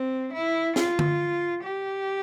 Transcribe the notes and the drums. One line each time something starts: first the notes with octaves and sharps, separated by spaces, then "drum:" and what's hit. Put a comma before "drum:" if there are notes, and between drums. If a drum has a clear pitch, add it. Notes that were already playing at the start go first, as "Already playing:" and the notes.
Already playing: C4
E4
F4, drum: snare
drum: tom D3
G4